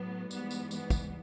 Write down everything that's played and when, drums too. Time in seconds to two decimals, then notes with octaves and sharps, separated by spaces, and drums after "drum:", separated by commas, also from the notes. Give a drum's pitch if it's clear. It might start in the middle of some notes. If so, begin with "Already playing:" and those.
Already playing: A2 F#3 B3
0.31 G#2 E3 G3 B3, drum: tambourine
0.51 drum: tambourine
0.71 B3, drum: tambourine
0.90 drum: kick, tambourine